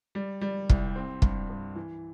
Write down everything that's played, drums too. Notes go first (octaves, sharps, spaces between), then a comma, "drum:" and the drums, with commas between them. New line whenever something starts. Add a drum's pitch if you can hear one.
G3
G3
C2, drum: kick
C4
G2, drum: kick
G2
E3